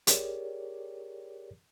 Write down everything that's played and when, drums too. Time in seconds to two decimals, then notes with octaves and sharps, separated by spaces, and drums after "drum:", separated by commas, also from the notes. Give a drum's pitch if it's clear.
0.07 G4 G#4 A#4 C#5 D5, drum: hi-hat